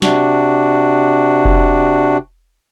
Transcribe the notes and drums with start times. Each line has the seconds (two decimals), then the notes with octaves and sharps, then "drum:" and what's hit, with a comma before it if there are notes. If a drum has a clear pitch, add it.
0.02 C3 D4 F#4, drum: snare
1.45 drum: kick F1